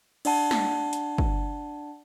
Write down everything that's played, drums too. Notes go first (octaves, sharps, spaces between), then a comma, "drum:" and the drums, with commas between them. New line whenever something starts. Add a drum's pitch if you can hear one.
D4 D5 F#5 A5, drum: cymbal
drum: snare
drum: hi-hat
drum: kick